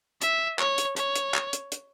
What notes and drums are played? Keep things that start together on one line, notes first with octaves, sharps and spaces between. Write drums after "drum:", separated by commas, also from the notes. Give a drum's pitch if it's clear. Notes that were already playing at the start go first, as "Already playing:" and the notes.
E5, drum: hi-hat
C#5, drum: clap
drum: hi-hat
C#5, drum: hi-hat
drum: hi-hat
drum: clap
drum: hi-hat
drum: hi-hat